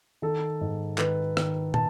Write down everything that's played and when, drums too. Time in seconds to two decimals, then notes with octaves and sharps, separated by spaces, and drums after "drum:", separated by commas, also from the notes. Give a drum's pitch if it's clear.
0.22 D#3 A4
0.61 G#2
0.98 D#3 B4, drum: clap
1.37 D#3, drum: rim click
1.74 A5, drum: tom